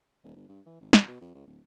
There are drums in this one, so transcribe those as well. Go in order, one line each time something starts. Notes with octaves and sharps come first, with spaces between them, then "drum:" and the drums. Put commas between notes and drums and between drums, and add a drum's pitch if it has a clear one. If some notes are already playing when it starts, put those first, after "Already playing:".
D#1
G1
G2
E3
G#1
E1, drum: snare
B2
F2
C#2
D1